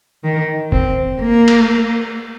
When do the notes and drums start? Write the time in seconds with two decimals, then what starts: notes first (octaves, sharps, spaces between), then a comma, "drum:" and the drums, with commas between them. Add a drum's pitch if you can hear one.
0.24 D#3
0.72 C4, drum: kick F1
1.21 A#3
1.48 drum: cymbal